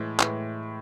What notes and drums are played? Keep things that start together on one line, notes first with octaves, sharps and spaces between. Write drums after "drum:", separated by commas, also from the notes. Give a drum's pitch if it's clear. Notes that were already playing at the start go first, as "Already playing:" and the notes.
Already playing: A2 E3 G#3
A2 E3 G#3, drum: clap